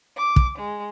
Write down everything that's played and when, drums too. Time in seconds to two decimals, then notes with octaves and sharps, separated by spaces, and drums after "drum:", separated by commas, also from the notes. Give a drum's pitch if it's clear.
0.19 D6
0.36 drum: kick
0.58 G#3